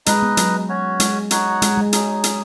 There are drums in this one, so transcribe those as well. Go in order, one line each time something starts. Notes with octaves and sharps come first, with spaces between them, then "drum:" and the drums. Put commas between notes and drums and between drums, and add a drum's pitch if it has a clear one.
G#3 D#4 B4 D#5, drum: hi-hat
B3
F#3, drum: hi-hat
C#4 F#4 C#5
G#3, drum: hi-hat
D#4 F#4 C#5 F#5, drum: hi-hat
G#3, drum: hi-hat
G#3
F#3 D#4 G#4, drum: hi-hat
drum: hi-hat